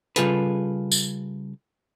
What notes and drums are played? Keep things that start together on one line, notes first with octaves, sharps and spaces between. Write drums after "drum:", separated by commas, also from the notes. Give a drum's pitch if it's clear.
C#3 G3 F4 G#4 A4 B4, drum: hi-hat
drum: tambourine